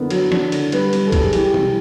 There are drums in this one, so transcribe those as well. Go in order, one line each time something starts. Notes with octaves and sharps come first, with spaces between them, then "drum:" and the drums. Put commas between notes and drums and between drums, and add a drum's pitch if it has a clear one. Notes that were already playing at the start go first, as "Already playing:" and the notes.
Already playing: D3 B3 D4 A#4
F#3, drum: cymbal
D4, drum: snare
D3, drum: cymbal
G3 B4, drum: cymbal
G3, drum: cymbal
A4
G3, drum: kick, cymbal
G#4
E3 G4, drum: cymbal
E3, drum: tom B2